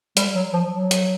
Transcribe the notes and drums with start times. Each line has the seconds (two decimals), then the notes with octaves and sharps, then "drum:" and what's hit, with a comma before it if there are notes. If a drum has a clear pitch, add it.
0.17 G3, drum: hi-hat
0.35 F#3
0.53 F3
0.72 F#3
0.91 drum: hi-hat